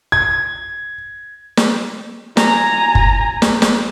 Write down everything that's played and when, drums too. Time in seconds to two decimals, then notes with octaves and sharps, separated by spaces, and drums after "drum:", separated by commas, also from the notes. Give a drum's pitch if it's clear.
0.12 G#6
1.57 drum: snare
2.37 G#5 A#5, drum: snare
2.95 drum: kick
3.42 drum: snare
3.62 drum: snare